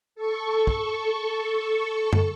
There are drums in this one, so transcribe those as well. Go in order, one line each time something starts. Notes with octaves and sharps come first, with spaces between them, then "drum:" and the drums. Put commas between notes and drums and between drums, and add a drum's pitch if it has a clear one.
A4 C#6
drum: kick
drum: tom F#2